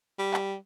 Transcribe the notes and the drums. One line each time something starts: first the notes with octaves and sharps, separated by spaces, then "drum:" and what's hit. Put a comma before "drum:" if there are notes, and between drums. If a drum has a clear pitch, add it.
G3
drum: clap